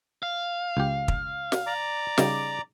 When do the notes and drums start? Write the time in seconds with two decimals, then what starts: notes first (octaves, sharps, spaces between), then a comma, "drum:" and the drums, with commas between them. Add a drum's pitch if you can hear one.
0.23 F5
0.77 C#2 G4
1.08 drum: kick
1.52 drum: snare
1.67 D5 A#5 D6
2.18 C#3 G3 D#4, drum: snare